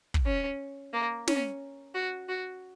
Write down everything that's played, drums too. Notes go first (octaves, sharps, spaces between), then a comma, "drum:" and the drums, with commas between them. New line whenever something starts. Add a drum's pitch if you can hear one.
drum: kick
C#4
A#3
C#4, drum: snare
F#4
F#4